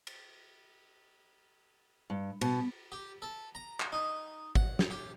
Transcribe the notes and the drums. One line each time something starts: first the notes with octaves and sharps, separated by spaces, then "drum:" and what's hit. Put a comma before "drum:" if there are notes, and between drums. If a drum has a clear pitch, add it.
drum: cymbal
G2
B2, drum: cymbal
G4
A4
A#5
drum: clap
D#4
F#5, drum: kick G#1
drum: snare
G4